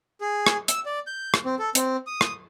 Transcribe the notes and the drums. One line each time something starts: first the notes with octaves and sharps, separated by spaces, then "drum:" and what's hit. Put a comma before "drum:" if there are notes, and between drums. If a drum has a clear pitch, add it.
G#4
drum: rim click
E6, drum: hi-hat
D5
G6
drum: rim click
C4
A4
C4, drum: hi-hat
D#6
drum: rim click